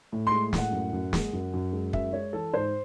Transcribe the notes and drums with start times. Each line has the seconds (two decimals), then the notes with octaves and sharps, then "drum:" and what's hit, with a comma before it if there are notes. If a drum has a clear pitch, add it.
0.12 A2
0.27 C6
0.32 G#3
0.53 A2, drum: snare
0.58 F#5
0.72 F#2
0.93 F#2
1.13 G#3, drum: snare
1.33 F#2
1.54 F#2
1.73 G#3
1.93 F#2 E5, drum: kick
2.13 G#3 C#5
2.33 E3 A4
2.53 G#2 C5